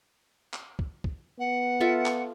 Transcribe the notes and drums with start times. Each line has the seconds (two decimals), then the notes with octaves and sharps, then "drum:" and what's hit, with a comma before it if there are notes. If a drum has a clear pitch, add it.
0.54 drum: clap
0.79 drum: kick
1.04 drum: kick
1.39 B3 F#5
1.80 F4 A4 E5
2.06 drum: clap